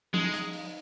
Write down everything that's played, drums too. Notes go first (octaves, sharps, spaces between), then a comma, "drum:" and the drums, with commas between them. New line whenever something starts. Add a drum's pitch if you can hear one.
G#3 D#4, drum: tom F3
drum: hi-hat
drum: open hi-hat